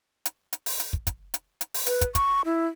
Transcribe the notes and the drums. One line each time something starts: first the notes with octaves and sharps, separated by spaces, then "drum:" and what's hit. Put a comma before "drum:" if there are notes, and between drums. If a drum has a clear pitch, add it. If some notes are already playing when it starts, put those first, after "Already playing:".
drum: hi-hat
drum: hi-hat
drum: open hi-hat
drum: hi-hat
drum: kick
drum: kick, hi-hat
drum: hi-hat
drum: hi-hat
drum: open hi-hat
B4, drum: hi-hat
drum: kick, hi-hat
C#6, drum: kick, hi-hat
E4